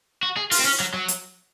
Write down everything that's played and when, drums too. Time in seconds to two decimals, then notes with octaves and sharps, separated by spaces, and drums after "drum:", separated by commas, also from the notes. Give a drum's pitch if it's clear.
0.23 F#4
0.37 G#4
0.51 F4, drum: open hi-hat
0.59 C4
0.65 C#4
0.80 F#3
0.94 F#3
1.08 drum: hi-hat